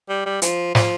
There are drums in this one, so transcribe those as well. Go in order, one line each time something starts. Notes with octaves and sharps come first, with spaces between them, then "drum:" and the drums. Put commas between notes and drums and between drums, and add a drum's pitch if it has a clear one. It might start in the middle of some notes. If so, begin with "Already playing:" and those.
G3
G3
F3, drum: hi-hat
F3, drum: snare